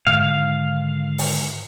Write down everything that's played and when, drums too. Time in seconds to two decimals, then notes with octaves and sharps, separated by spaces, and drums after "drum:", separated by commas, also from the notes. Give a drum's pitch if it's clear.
0.07 G#2 D3 D#3 F5
1.18 drum: open hi-hat